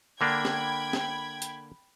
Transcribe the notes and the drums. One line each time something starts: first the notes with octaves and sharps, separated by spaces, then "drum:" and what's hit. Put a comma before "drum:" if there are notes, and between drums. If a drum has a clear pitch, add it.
D3 A#3 D4 G5 B5 G#6
drum: snare
drum: snare
drum: hi-hat